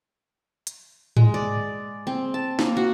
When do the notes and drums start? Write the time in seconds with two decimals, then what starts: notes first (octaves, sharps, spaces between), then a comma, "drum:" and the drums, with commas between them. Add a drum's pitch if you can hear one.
0.67 drum: hi-hat
1.17 G#3, drum: tom G#2
1.34 D5
2.07 C4
2.34 A5
2.59 A#3, drum: snare
2.77 F#4